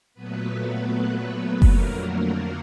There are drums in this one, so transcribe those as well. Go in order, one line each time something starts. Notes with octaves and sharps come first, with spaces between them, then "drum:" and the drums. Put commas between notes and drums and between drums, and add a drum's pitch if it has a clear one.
A#2 F#3 A3 B3 B4
F2 D3 F#3 A3 A#3 A#4, drum: kick F#1
A#3 A#4